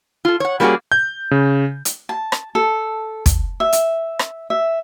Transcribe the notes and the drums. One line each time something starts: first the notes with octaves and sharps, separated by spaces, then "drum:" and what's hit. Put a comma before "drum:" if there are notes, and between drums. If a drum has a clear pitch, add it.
F4 A4
C#5 F#5
G3 A#3 C#4 E4 F#4 G#4
G6
C#3
drum: hi-hat
A5
drum: rim click
A4
drum: kick, hi-hat
E5
drum: hi-hat
drum: rim click
E5